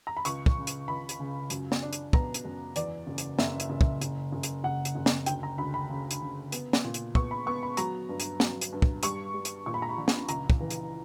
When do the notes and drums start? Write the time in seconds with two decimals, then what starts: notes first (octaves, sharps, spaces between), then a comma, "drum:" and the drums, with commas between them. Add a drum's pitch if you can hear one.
0.07 A#5
0.17 B5
0.25 C#2 C#6, drum: hi-hat
0.46 drum: kick
0.57 C#3
0.67 drum: hi-hat
0.88 C#2 B5
1.09 drum: hi-hat
1.20 C#3
1.50 F#2, drum: hi-hat
1.72 drum: snare
1.82 D4
1.93 drum: hi-hat
2.13 B3 A#5, drum: kick
2.34 drum: hi-hat
2.45 F#2
2.76 E2 D5, drum: hi-hat
3.07 F#1
3.18 drum: hi-hat
3.39 F#1 E5, drum: snare
3.60 drum: hi-hat
3.70 F#1
3.81 drum: kick
4.02 F#1, drum: hi-hat
4.32 F#1
4.43 drum: hi-hat
4.64 F#1 F#5
4.85 drum: hi-hat
4.95 F#1
5.06 drum: snare
5.26 D2 G5, drum: hi-hat
5.43 A#5
5.58 D2 B5
5.74 B5
5.90 C#3
6.11 drum: hi-hat
6.21 C#3
6.52 B3, drum: hi-hat
6.73 drum: snare
6.84 A#2
6.94 drum: hi-hat
7.15 B3 C#6, drum: kick
7.31 B5
7.46 B3 C#6
7.63 B5
7.77 F#3 A#5, drum: hi-hat
8.09 G2
8.20 drum: hi-hat
8.40 F#3, drum: snare
8.61 drum: hi-hat
8.73 G2
8.82 drum: kick
9.03 G3 C#6, drum: hi-hat
9.34 G3
9.45 drum: hi-hat
9.66 A#2 C#6
9.74 B5
9.82 A#5
9.89 B5
9.98 A#1
10.08 drum: snare
10.29 C#2 A#5, drum: hi-hat
10.50 drum: kick
10.60 E3
10.70 drum: hi-hat